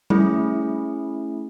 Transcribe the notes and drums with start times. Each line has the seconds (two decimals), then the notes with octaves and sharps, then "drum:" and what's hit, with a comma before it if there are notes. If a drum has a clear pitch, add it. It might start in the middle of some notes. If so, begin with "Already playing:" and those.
0.10 A3 C#4 E4 G#4, drum: tom G3